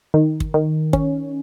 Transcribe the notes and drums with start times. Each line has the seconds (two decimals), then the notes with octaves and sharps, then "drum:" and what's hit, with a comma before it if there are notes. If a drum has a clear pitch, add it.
0.14 D#3
0.40 drum: kick
0.54 D#3
0.93 C#4, drum: kick